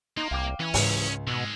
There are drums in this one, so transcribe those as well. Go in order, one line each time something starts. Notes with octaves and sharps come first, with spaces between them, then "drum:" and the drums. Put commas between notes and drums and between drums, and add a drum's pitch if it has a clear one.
A#3 D#4 C6
C2 F5 G5 D6
E3 C#4
C#2 G#2, drum: open hi-hat
B2 D#3 G#3 E6